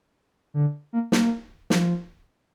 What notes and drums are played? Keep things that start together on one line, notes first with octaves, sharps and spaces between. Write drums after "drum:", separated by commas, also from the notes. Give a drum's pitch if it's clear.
D3
A#3
A#3, drum: snare
F3, drum: snare